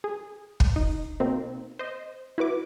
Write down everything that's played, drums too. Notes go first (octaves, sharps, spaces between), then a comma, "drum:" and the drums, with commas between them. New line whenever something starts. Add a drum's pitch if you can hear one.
G#4
drum: kick
D#4
B2 A#3 C4 D#4
C5 D#5
E4 F#4 B4 D6